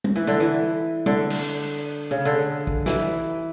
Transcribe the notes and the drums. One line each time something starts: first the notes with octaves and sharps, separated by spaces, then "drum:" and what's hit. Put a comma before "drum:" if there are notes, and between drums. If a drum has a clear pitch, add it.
drum: tom G3
E3
D3
E3
D3, drum: tom G3
drum: cymbal
C#3
D3
drum: kick
E3, drum: snare